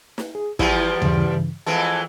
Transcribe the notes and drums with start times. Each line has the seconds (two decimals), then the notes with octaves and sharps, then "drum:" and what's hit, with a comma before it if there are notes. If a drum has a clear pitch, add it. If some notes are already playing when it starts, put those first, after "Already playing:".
0.18 drum: snare
0.35 G#4
0.59 E2 F3 G3 E4, drum: kick
1.02 G2 C#3 E3, drum: tom D#2
1.66 F2 E3 G#3 A5